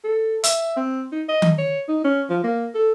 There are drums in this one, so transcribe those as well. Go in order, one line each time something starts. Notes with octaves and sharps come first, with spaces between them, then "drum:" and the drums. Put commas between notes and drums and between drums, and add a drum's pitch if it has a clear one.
A4
E5, drum: hi-hat
C4
D#4
D#5
drum: tom D#3
C#5
D#4
C#4
F3
A#3
A4